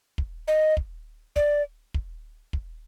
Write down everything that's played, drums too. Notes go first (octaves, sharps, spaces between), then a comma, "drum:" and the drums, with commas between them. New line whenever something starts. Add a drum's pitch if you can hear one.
drum: kick
D#5
drum: kick
D5, drum: kick
drum: kick
drum: kick